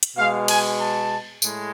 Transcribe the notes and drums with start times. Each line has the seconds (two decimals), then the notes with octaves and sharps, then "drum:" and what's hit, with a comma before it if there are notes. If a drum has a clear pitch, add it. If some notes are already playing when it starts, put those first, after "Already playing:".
0.03 drum: hi-hat
0.17 B2 G#3 F5
0.48 G#5, drum: cymbal
0.79 A5
1.42 A2 G#3, drum: tambourine